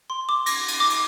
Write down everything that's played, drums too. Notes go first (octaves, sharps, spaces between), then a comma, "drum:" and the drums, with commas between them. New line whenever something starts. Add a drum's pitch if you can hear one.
C6
D6
A#6, drum: cymbal
drum: cymbal
D6
drum: cymbal